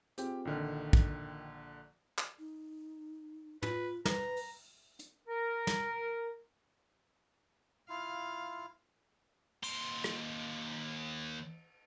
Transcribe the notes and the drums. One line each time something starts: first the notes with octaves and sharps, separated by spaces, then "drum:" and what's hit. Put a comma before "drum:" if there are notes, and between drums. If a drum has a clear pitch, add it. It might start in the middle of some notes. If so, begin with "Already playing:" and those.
C4 F4 G4 G#4 G5, drum: hi-hat
A#1 D3 D#3 G5 F6
drum: kick
drum: clap
D#4
F4 B4, drum: tom
B4 A#5, drum: snare
drum: open hi-hat
drum: hi-hat
A#4
drum: snare
E4 F4 F5
D#2 C6, drum: cymbal
drum: rim click